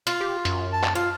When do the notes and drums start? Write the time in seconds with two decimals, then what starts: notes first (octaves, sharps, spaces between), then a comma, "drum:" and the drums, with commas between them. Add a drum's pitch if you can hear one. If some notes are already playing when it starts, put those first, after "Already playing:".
0.07 F4, drum: hi-hat
0.21 G4
0.45 F#2, drum: hi-hat
0.73 A5
0.84 drum: clap
0.95 F4 F5